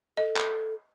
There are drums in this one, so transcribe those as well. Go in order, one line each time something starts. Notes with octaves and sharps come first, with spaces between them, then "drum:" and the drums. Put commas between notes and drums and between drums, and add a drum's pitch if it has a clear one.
A4 D#5
drum: clap